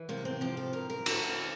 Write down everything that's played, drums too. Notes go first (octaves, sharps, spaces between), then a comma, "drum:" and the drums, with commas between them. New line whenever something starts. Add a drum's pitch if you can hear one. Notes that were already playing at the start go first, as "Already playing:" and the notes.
Already playing: E3
C3 A#3
C4
F3 G4
A4
G2 A#4
A#4
D2, drum: cymbal